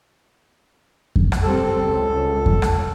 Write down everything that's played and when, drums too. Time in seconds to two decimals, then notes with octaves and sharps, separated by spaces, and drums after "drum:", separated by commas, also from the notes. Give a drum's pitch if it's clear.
1.16 drum: kick F2
1.32 drum: rim click
1.43 G2 G3 C4 A4
1.81 C#2
2.46 drum: kick F2
2.62 drum: rim click